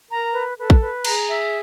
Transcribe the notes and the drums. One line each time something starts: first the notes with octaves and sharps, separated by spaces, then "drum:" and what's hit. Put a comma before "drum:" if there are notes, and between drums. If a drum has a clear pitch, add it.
A#4 A#5
B4
A4 B4
drum: kick
B4
G#4 A#5, drum: cymbal
E5